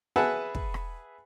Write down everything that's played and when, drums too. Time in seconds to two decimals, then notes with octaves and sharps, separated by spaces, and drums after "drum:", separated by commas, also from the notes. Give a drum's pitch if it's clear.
0.16 G#4 B4 E5 F#5 G#5 A5
0.55 drum: kick
0.74 drum: rim click